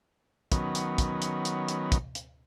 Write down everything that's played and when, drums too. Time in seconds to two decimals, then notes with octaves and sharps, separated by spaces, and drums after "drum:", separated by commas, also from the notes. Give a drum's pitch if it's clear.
0.52 D#3 F#3 B3 C#4, drum: kick, hi-hat
0.75 drum: hi-hat
0.98 drum: kick, hi-hat
1.22 drum: hi-hat
1.45 drum: hi-hat
1.68 drum: hi-hat
1.92 drum: kick, hi-hat
2.15 drum: hi-hat